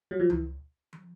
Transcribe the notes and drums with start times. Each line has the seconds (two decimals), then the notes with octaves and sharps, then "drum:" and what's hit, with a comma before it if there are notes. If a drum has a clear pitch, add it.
0.11 F#3
0.20 F3
0.30 E3, drum: tom C#2
0.93 drum: tom